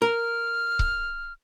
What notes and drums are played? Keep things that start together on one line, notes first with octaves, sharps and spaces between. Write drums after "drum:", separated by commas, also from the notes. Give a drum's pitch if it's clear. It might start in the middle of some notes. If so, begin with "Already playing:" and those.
A#4 F6
drum: kick C#1